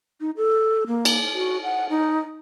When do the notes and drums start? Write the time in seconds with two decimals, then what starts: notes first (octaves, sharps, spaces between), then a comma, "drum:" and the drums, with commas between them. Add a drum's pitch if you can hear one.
0.21 D#4
0.37 A4
0.87 A#3
1.05 drum: cymbal
1.34 F#4
1.63 F#5
1.90 D#4